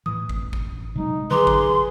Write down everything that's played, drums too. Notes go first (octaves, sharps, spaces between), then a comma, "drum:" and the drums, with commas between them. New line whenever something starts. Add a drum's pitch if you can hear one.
A2 E3 D#6
drum: kick G#1
drum: kick G#1
C3 F#3 G#3 D#4
D3 F#3 G#4 B4 A#5 C6 D6
drum: kick G#1